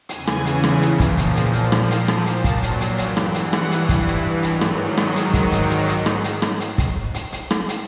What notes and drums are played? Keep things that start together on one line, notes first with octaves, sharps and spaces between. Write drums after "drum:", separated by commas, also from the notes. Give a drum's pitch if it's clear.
E2 C#3 E3 G#5, drum: hi-hat
drum: rim click
drum: hi-hat
drum: rim click
A#2 F3, drum: hi-hat
drum: kick, hi-hat
A#5, drum: hi-hat
drum: hi-hat
A#2 F3 A5, drum: hi-hat
drum: rim click
A#5, drum: hi-hat
drum: rim click
A#2 F#3 A5, drum: hi-hat
drum: kick, hi-hat
drum: hi-hat
drum: hi-hat
G2 E3 G5, drum: hi-hat
drum: rim click
F#5, drum: hi-hat
drum: rim click
G2 E3, drum: hi-hat
drum: kick, hi-hat
drum: hi-hat
G#2 D#3 F#3 C#5, drum: hi-hat
drum: rim click
D#5
drum: rim click
G#2 D#3 F#3 D#5, drum: hi-hat
drum: kick, hi-hat
D5, drum: hi-hat
drum: hi-hat
drum: hi-hat
drum: rim click
drum: hi-hat
drum: rim click
drum: hi-hat
drum: kick, hi-hat
drum: hi-hat
drum: hi-hat
drum: rim click
drum: hi-hat